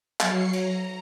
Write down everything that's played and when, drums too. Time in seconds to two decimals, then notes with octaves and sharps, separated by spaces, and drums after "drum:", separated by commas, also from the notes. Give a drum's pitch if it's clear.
0.20 F#3 C#5 C7 C#7, drum: clap
0.53 A#5, drum: cymbal